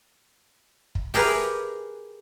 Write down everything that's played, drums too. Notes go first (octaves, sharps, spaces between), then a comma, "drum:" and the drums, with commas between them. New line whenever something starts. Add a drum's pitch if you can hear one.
drum: kick
G4 G#4 A#4 B4, drum: open hi-hat